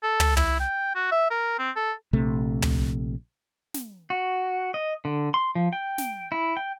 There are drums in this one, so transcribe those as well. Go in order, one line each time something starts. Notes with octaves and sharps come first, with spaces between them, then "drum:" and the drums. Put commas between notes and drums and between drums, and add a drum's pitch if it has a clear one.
A4
drum: tom
E4, drum: tom
G5
F#4
E5
A#4
C4
A4
A#1 C3 A3
drum: tom
drum: snare
F#4
D#5
D3
C6
F3
G5
drum: snare
E4
G5